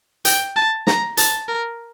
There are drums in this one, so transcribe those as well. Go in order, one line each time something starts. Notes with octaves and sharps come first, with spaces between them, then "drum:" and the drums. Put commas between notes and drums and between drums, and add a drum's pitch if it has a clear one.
G5, drum: hi-hat
A5
A#5, drum: snare
A5, drum: hi-hat
A#4